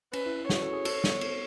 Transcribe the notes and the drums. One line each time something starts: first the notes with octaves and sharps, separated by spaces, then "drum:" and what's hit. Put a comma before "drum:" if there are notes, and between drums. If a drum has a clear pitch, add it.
C#4 B4, drum: cymbal
E4
F#4 C#5, drum: snare
A4
G#4
A4, drum: cymbal
B3, drum: snare
drum: cymbal